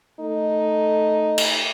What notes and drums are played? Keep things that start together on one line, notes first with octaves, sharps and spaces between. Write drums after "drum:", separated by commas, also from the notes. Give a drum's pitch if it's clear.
A3 D#4
drum: cymbal